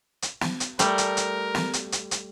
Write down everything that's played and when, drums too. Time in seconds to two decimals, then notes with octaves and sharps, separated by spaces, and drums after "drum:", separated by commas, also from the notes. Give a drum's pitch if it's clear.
0.22 drum: hi-hat
0.41 drum: snare
0.60 drum: hi-hat
0.79 G3 A3 A#4, drum: hi-hat
0.98 drum: hi-hat
1.17 drum: hi-hat
1.55 drum: snare
1.73 drum: hi-hat
1.92 drum: hi-hat
2.11 drum: hi-hat